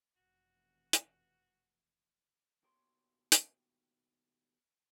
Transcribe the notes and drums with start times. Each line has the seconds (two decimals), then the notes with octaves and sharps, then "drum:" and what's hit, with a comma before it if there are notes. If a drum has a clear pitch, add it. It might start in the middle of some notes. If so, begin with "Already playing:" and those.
0.16 F1 B2 E3 F#4
0.93 drum: hi-hat
2.63 D#2 B2 A#4 C#5 C6
3.32 drum: hi-hat